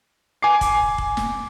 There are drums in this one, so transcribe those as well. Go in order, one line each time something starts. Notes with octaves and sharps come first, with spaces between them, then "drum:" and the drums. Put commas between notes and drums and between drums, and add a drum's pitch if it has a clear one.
G#5 D6 C7
drum: kick, hi-hat
drum: kick
drum: snare